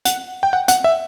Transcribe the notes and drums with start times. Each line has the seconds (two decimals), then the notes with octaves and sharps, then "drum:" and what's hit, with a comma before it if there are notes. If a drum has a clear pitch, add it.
0.05 F#5, drum: hi-hat
0.43 G5
0.53 F#5
0.68 F#5, drum: hi-hat
0.84 E5